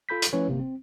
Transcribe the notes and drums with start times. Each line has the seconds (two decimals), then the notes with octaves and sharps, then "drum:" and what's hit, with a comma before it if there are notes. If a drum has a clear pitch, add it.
0.09 F4 A4 B5 G6 B6
0.22 drum: hi-hat
0.33 F3 A3 C#4 E4 B4 C#5
0.48 G1 C3 A#3
0.60 C4